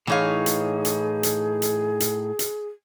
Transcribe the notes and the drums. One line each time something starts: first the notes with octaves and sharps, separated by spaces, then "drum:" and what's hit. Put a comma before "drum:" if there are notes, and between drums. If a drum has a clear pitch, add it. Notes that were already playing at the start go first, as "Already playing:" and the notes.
A2 E3 D#4 G#4 C#5 F5
drum: hi-hat
drum: hi-hat
drum: hi-hat
drum: hi-hat
drum: hi-hat
drum: hi-hat